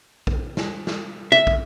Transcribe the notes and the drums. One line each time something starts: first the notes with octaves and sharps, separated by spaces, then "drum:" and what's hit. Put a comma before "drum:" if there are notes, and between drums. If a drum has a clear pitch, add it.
drum: kick
drum: snare
drum: snare
E5
drum: kick